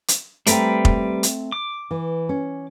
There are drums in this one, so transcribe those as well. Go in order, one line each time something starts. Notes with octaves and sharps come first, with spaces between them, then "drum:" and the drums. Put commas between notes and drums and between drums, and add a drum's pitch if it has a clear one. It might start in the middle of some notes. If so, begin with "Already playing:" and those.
drum: hi-hat
G3 A3 C4 B4 G5 A#5, drum: hi-hat
drum: kick F1
drum: hi-hat
D6
E3
C#4